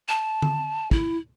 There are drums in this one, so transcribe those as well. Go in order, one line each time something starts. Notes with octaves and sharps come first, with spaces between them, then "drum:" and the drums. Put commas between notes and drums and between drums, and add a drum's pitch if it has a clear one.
A5
drum: tom D3
E4, drum: kick